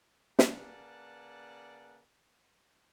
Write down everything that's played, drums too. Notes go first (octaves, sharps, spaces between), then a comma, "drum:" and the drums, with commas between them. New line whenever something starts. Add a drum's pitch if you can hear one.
C#3 A#3 B4 D5 F#5 A5, drum: snare